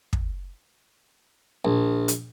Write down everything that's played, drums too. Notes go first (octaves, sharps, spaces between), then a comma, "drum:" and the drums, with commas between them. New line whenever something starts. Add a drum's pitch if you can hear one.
drum: kick
A#1
drum: hi-hat